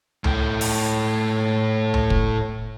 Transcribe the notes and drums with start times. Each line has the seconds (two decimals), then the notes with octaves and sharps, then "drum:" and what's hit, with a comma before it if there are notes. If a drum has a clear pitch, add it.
0.24 A2 G5, drum: tom C#2
0.61 drum: open hi-hat
1.94 drum: tom C#2
2.10 drum: kick